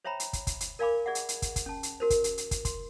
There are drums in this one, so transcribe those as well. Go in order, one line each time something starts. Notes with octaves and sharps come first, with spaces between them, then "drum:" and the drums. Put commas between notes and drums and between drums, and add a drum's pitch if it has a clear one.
C5 C#5 E5 G5 A#5 B5
drum: hi-hat
drum: kick, hi-hat
drum: kick, hi-hat
drum: hi-hat
A#4 D5 F5 G#5 B5 D6
G#4 D5 E5 F#5
drum: hi-hat
drum: hi-hat
drum: kick, hi-hat
drum: kick, hi-hat
C#4 A5
drum: hi-hat
F#4 A#4 C5
drum: kick, hi-hat
drum: hi-hat
drum: hi-hat
drum: kick, hi-hat
C6, drum: kick, hi-hat